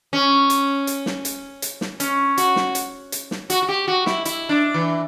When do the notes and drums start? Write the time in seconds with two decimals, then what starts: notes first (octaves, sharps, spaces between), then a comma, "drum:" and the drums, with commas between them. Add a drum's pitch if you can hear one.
0.13 C#4
0.50 drum: hi-hat
0.87 drum: hi-hat
1.06 drum: snare
1.25 drum: hi-hat
1.62 drum: hi-hat
1.81 drum: snare
2.00 C#4, drum: hi-hat
2.38 F#4, drum: hi-hat
2.56 drum: snare
2.75 drum: hi-hat
3.12 drum: hi-hat
3.31 drum: snare
3.50 F#4, drum: hi-hat
3.62 F#4
3.69 G4
3.88 F#4
4.06 E4, drum: snare
4.25 E4, drum: hi-hat
4.49 D4
4.74 E3